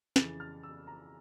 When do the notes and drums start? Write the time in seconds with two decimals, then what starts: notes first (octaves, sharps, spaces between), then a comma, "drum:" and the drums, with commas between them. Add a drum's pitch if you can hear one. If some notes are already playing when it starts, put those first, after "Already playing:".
0.16 F2 C#3 E3 A6, drum: snare
0.40 F6
0.63 E6
0.87 A#5